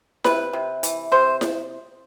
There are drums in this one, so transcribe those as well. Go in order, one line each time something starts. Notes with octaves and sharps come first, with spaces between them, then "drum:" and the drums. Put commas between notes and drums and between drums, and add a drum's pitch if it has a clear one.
C3 B4, drum: snare E4
C3
E3, drum: hi-hat
C3 C5
drum: snare E4